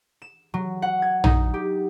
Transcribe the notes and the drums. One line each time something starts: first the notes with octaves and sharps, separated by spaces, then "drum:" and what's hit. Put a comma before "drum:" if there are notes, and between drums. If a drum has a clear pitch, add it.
E7
F#3
F#5
G#6
D#4, drum: tom A#1
G4